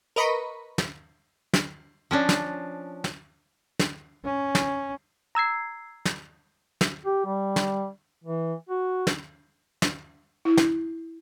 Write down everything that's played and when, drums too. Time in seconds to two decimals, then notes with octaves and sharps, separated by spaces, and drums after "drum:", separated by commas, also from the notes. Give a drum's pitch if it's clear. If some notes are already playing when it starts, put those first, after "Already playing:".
0.16 A#4 B4 D#5 A#5 B5 C#6
0.78 drum: snare
1.53 drum: snare
2.11 F3 C#4 D4
2.29 drum: snare
3.04 drum: snare
3.79 drum: snare
4.25 C#4
4.55 drum: snare
5.35 A#5 E6 G#6 C7
6.05 drum: snare
6.81 drum: snare
7.06 G4
7.25 G3
7.56 drum: snare
8.24 E3
8.69 F#4
9.07 drum: snare
9.82 drum: snare
10.45 E4
10.57 drum: snare